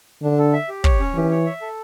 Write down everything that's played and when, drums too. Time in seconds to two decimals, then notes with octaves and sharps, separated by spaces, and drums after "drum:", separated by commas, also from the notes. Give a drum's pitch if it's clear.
0.23 D3 D4
0.38 A4
0.53 E5
0.69 G4
0.84 C#5, drum: kick
0.99 C#4
1.15 E3 G4
1.30 C#5
1.46 E5
1.61 A4